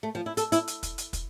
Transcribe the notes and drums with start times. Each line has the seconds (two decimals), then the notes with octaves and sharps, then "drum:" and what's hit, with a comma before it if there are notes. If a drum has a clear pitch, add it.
0.03 A3
0.15 F3
0.26 E4
0.37 A4, drum: hi-hat
0.52 E4, drum: hi-hat
0.68 drum: hi-hat
0.83 drum: kick, hi-hat
0.98 drum: hi-hat
1.13 drum: kick, hi-hat